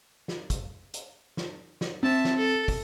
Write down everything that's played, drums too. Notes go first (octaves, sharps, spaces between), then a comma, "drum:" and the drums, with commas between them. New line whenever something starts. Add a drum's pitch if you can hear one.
drum: snare
drum: kick, hi-hat
drum: hi-hat
drum: snare
drum: snare
C4 E5 A5
drum: snare
A4
drum: kick, open hi-hat